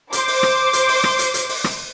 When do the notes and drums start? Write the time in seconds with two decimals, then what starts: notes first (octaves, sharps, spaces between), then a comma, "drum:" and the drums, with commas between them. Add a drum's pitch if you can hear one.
0.13 C5 D6, drum: hi-hat
0.28 drum: open hi-hat
0.43 drum: rim click
0.73 drum: hi-hat
0.88 drum: open hi-hat
1.04 drum: rim click
1.19 drum: hi-hat
1.34 drum: hi-hat
1.49 drum: open hi-hat
1.64 drum: rim click